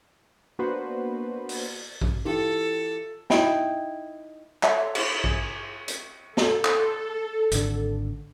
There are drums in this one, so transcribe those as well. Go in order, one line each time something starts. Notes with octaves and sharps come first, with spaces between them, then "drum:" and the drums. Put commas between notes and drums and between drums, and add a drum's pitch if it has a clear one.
A#3 B3 D4 F#4 B4 C5
drum: open hi-hat
drum: kick A1
E3 F4 G4 A4
D#4 E4 G5 B5, drum: snare
A4 C#5 E5, drum: clap
drum: cymbal
G#4, drum: kick A1
drum: hi-hat
A4, drum: snare
drum: clap
G#1 D3, drum: hi-hat